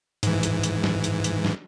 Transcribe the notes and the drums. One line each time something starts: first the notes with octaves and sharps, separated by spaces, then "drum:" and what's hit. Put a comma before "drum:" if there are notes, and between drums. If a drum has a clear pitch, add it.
G#2 E3, drum: hi-hat
drum: hi-hat
drum: hi-hat
drum: snare
drum: hi-hat
drum: hi-hat
drum: snare